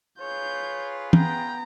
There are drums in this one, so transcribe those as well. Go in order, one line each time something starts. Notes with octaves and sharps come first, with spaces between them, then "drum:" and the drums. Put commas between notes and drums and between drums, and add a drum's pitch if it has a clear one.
F4 G#4 B4 C#5 G6
B3 G5 A#5, drum: tom